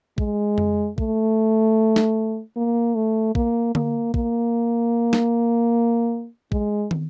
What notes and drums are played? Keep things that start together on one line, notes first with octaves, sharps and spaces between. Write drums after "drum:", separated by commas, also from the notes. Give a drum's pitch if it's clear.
G#3, drum: kick
drum: tom F2
A3, drum: kick
drum: snare
A#3
A3
A#3, drum: kick
A#3, drum: tom D3
A#3, drum: kick
drum: snare
G#3, drum: kick
drum: tom